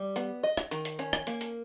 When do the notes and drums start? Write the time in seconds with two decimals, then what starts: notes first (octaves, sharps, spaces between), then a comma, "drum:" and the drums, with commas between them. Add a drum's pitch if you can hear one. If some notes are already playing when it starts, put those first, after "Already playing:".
Already playing: G3
0.16 B3, drum: hi-hat
0.43 D#5
0.57 drum: rim click
0.71 D#3, drum: hi-hat
0.85 drum: hi-hat
0.99 C#4, drum: hi-hat
1.13 drum: rim click
1.27 A#3, drum: hi-hat
1.41 drum: hi-hat